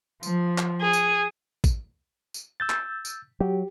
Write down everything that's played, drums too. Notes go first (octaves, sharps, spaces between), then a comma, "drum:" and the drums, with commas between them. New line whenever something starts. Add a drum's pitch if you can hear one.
F3, drum: tambourine
drum: clap
G#4
drum: tambourine
drum: kick A1, tambourine
drum: tambourine
E6 G6 A6
drum: clap
drum: tambourine
F#3 G4